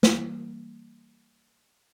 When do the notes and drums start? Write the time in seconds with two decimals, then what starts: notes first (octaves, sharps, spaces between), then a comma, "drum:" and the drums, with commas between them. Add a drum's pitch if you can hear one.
0.03 E3 G3 A#3, drum: snare